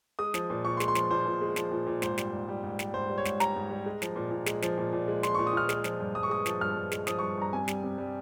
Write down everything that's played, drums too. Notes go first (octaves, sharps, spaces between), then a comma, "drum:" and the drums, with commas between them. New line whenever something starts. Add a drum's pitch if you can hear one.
G#3 D#6
F3, drum: snare
A#2
A#2 C#6
C6
G#3, drum: snare
C6
F3, drum: snare
A#2 C5
A#2
G#3
F3, drum: snare
A#2
A#2
G#2 C5, drum: snare
G3, drum: snare
G#2
G3
G#2
G3, drum: snare
G#2 C5
G3
C#5
G#2, drum: snare
G3 A#5, drum: snare
G#2
G3
G#3
F3, drum: snare
A#2
A#2
G#3, drum: snare
F3, drum: snare
A#2
A#2
G#3
F3 C6, drum: snare
A#2 C#6
D#6
A#2 F6
G#3, drum: snare
F3, drum: snare
G2
G2 D#6
C#6
G#3 D#6
F3, drum: snare
G2 F6
G2
G#3, drum: snare
F3 D#6, drum: snare
G2 C#6
G2 A#5
C3 G#5
G3, drum: snare
C3
G3